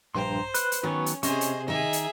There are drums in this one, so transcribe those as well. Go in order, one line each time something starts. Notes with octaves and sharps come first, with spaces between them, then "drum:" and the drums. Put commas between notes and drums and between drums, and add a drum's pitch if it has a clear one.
A#1 G2 C5 G5 A#5 C6
B4 F#6, drum: hi-hat
drum: hi-hat
D#3 F#3 B3 C#4 C#6
drum: hi-hat
C3 C#4 G#4 C5 D#5 C#6, drum: hi-hat
drum: hi-hat
D#3 D#4 G#4 D#5 E5
drum: hi-hat